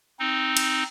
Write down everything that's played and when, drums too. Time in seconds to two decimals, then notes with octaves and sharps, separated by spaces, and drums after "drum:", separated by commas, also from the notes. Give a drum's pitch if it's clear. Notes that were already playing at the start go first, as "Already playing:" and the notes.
0.19 C4 D#4
0.57 drum: cymbal